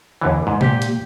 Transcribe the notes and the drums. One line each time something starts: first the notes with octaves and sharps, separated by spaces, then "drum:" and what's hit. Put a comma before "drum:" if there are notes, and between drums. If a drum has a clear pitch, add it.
D#2 D3 E3
G#2
A#2 G4, drum: tom C3
drum: hi-hat